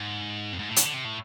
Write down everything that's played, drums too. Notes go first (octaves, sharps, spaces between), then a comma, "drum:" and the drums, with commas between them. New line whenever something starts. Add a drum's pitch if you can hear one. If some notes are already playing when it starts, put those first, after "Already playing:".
Already playing: G#2
F2
G#2
A2
B2, drum: hi-hat
D3
C3
A2